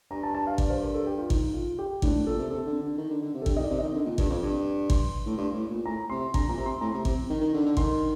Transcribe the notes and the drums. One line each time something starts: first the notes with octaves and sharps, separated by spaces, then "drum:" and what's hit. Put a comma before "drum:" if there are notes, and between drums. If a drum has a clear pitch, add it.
G2 A#5
A5
A5
F5
D5, drum: kick G#1
C5
A#4
A4
G4
F4
D#4, drum: kick G#1
F4
G4
A2 D4, drum: kick G#1
A2
A#2 A4
C3
C3 A4
D3
D3
D#3
D3
D3
C3
A4
D3 G4, drum: kick G#1
D#3 D5 D#5
C3
D#3 D#5
D3
A#2
G2, drum: kick G#1
F2
G2
C6, drum: kick G#1
A2
G2
A2
A#2
A2 A#5
C3 C6
D3 A#5, drum: kick G#1
A#2 A#5
C3
C6
A2 A#5
C3
C3, drum: kick G#1
D#3
D#3
D3
D3
D#3 C6, drum: kick G#1